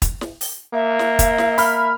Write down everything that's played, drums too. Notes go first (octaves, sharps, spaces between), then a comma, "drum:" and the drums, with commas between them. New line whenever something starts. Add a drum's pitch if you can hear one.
drum: kick, hi-hat
drum: snare
drum: open hi-hat
A#3 E5
drum: snare
drum: kick, hi-hat
drum: snare
B5 F6, drum: open hi-hat